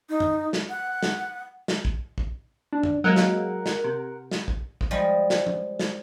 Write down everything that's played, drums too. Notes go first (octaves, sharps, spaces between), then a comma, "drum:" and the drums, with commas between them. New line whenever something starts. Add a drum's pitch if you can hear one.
D#4
drum: tom
drum: snare
F#5
drum: snare
drum: snare
drum: kick
drum: kick
D4
drum: tom
F#3 G#3 A#3 A#4 F#5
drum: snare
drum: snare
C3
drum: snare
drum: kick
drum: kick
F3 G3 G#3
drum: snare
drum: tom
drum: snare